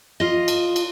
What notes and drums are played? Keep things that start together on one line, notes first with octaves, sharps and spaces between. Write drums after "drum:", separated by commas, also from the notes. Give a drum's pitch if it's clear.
F4 D#5
drum: cymbal
drum: cymbal